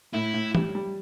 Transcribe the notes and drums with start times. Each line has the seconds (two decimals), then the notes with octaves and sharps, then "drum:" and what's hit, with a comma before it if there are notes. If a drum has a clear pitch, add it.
0.13 A2 E4
0.34 A2
0.55 G3, drum: tom
0.75 G3